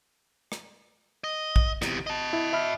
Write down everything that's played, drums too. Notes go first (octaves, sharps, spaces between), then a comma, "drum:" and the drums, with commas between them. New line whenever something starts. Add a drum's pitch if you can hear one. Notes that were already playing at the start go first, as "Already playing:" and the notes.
drum: rim click
D#5
drum: kick A#1
E2 C3, drum: rim click
D#5 A5
E4
E5 B5 F6